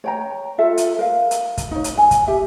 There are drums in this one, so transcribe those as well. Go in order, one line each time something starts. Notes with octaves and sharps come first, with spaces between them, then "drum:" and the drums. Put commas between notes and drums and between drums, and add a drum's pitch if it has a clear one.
C#5 G5 A#5
F4 A4 E5
drum: hi-hat
A#4 F5
drum: hi-hat
drum: kick, hi-hat
D#4 C#5
drum: hi-hat
G#5
drum: kick, hi-hat
G4 E5